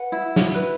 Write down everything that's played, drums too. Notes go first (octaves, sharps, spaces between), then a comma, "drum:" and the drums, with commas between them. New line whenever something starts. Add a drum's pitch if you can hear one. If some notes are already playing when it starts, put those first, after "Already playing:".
Already playing: B4 F#5
E4
drum: snare
B4